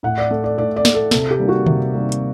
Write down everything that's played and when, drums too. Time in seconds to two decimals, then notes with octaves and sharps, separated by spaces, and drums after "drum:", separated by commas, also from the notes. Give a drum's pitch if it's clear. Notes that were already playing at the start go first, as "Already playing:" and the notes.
0.03 A2 F#5
0.18 D5
0.31 A3
0.44 D5
0.57 A2 D5
0.76 D5
0.85 A3, drum: snare
0.94 A4
1.11 C3 A4, drum: snare
1.31 G4
1.39 D#3 G3 A#3
1.49 F#4
1.66 C3, drum: tom D3
1.94 D#3 G3 A#3
2.12 drum: hi-hat